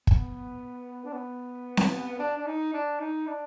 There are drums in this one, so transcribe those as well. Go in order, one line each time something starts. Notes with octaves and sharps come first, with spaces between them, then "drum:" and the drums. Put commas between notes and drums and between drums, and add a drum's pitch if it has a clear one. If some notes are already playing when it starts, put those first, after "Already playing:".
B3, drum: kick
D4
B3
drum: snare C4
D4
D4
D#4
D4
D#4
D4